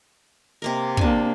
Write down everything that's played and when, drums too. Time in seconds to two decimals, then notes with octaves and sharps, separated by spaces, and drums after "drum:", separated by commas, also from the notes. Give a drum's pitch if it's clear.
0.62 C3 A#3 A#4
0.97 A#3 D4 G#5 A5, drum: kick